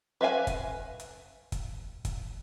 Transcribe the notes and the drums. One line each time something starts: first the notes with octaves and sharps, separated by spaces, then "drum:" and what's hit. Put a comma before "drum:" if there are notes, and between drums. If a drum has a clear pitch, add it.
B4 E5 F5 G#5
drum: kick, hi-hat
drum: hi-hat
drum: kick, hi-hat
drum: kick, hi-hat